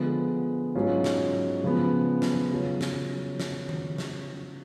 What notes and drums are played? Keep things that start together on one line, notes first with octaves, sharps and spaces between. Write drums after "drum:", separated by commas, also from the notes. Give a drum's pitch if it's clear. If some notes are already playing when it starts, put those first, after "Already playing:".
Already playing: D3 F3 G#3 B3
G#2 F#3 C#4 F4
drum: snare
C#3 F3 G#3 B3
drum: snare
C#3 F#3 C#4 F4
drum: snare
drum: snare
drum: tom D#3
drum: snare